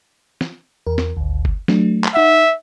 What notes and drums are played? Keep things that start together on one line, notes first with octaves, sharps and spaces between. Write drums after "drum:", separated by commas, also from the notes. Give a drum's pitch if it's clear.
drum: snare
E2 A#4
drum: snare
G#1 D2
drum: kick G1
F#3 A3 D4, drum: snare
drum: clap
D#4 E5 F#5